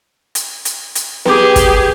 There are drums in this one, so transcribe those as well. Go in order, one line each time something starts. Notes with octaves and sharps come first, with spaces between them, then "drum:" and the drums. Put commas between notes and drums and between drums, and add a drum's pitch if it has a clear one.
drum: hi-hat
drum: hi-hat
drum: hi-hat
G4 G#4 B4 D6, drum: snare B3
drum: kick, hi-hat